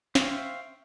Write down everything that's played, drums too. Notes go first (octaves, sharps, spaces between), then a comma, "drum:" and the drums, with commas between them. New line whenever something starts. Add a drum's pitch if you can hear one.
C5 E5 F5 G5 C#6, drum: snare